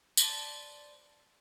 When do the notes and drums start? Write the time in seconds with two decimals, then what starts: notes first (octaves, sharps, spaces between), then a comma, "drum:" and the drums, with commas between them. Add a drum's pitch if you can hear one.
0.17 B4 C5 D5 A5, drum: tambourine